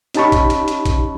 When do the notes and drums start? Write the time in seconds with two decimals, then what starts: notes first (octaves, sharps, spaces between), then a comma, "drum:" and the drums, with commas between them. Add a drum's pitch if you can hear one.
0.14 C#4 D#4 G4 A5 B5 C#6, drum: hi-hat
0.32 drum: kick, hi-hat
0.50 drum: hi-hat
0.68 drum: hi-hat
0.86 drum: kick, hi-hat